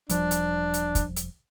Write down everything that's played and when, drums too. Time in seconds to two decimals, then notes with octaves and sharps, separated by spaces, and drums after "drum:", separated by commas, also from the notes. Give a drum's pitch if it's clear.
0.09 E1 F3 G3 D4, drum: hi-hat
0.31 drum: hi-hat
0.74 drum: hi-hat
0.95 drum: kick, hi-hat
1.16 drum: hi-hat